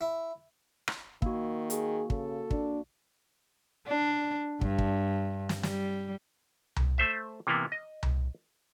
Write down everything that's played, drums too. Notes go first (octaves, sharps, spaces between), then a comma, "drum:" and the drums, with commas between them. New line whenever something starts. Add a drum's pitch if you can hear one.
E4
drum: rim click
D#3 A#3 F#4, drum: kick
G#4, drum: hi-hat
C#3 A4, drum: kick
D4, drum: kick
D4
G2, drum: kick
drum: kick
drum: snare
G3, drum: snare
drum: tom C2
A3 C5 E5
C3 E3 A#3 B3
D#5
drum: tom C2